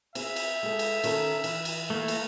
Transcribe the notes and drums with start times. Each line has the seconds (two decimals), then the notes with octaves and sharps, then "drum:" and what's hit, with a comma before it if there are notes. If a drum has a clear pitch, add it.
0.15 C4 G#4 E5, drum: cymbal
0.36 drum: cymbal
0.63 G#3 A4
0.79 drum: cymbal
1.04 D#3 C#4 A4, drum: cymbal
1.44 E3, drum: cymbal
1.65 drum: cymbal
1.90 A3 A#3
2.08 drum: cymbal